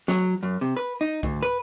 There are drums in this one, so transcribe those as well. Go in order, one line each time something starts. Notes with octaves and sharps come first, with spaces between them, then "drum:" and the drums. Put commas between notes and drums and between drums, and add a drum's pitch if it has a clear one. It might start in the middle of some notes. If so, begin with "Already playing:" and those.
F#3, drum: snare
F#2
C3
B4
D#4
D2, drum: kick C2
B4